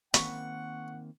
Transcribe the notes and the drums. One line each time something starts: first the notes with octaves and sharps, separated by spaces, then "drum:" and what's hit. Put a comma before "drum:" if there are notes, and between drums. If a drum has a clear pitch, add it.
D#3 A#3 C4 F#5 B5 C#6, drum: hi-hat